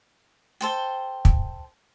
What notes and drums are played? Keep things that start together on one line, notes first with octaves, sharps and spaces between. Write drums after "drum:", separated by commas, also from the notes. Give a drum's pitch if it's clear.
A4 C5 G5
drum: kick